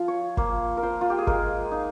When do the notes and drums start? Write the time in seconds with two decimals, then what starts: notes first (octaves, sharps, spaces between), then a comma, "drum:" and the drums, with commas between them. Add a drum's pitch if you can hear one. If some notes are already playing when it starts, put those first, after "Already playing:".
Already playing: F3 F4
0.08 C#5
0.37 A#3 C5, drum: kick G1
0.77 A#4
0.83 F4 C5
1.01 F4
1.10 G4
1.19 G#4
1.27 G#3 A#4, drum: kick G1
1.72 D#4